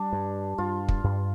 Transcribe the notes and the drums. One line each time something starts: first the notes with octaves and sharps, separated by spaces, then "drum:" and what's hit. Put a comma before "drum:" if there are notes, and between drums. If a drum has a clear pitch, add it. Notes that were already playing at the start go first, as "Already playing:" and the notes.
Already playing: G3 D4
G2
G2 F4
drum: kick
G2